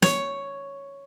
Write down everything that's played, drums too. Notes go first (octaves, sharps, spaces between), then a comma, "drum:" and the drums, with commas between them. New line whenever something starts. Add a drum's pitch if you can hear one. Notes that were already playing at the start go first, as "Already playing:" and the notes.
C#5, drum: snare